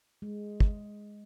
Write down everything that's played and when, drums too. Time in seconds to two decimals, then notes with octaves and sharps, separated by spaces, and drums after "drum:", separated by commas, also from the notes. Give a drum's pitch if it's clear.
0.22 G#3
0.60 drum: kick